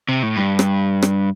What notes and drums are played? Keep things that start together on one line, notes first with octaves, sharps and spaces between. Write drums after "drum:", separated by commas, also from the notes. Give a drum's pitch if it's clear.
C3
A2
G2
drum: rim click
drum: rim click